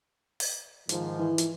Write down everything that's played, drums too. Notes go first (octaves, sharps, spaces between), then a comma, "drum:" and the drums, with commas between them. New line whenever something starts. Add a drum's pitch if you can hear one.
drum: open hi-hat
G#2 D#3 F3, drum: hi-hat
E3
drum: hi-hat